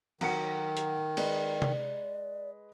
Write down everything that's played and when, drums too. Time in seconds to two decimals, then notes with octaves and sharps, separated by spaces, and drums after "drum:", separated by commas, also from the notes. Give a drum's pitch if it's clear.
0.21 D#3 F#3 F#5 C#7, drum: cymbal
0.77 drum: hi-hat
1.17 G#3 B4 D5 D#5, drum: cymbal
1.62 drum: tom